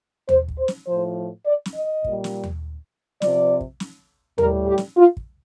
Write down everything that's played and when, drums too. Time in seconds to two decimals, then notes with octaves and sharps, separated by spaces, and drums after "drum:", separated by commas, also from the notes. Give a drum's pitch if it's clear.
0.29 C5, drum: tom D#2
0.48 drum: kick
0.59 C5
0.68 drum: snare
0.87 A2 F3 C5
1.46 D5
1.66 drum: snare
1.75 D#5
2.05 A#2 G3, drum: kick
2.24 drum: snare
2.44 drum: tom D#2
3.22 C3 F3 D5, drum: snare
3.61 drum: kick
3.80 drum: snare
4.38 A2 G3 A#4, drum: tom D#2
4.68 G4
4.78 drum: snare
4.97 F4
5.17 drum: kick